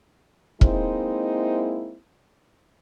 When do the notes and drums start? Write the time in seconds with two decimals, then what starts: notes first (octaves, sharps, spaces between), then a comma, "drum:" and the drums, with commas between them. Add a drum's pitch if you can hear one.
0.61 G#3 A#3 C4 D#4 E4, drum: kick